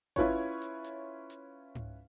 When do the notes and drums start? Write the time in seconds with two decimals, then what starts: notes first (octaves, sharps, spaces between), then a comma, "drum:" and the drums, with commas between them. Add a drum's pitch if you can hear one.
0.16 C#4 E4 F4 B4 C#5, drum: kick G#1, hi-hat
0.62 drum: hi-hat
0.84 drum: hi-hat
1.30 drum: hi-hat
1.75 drum: tom G#2